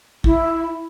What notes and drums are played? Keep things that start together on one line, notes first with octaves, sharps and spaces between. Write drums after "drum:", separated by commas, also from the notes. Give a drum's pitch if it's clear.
E4, drum: kick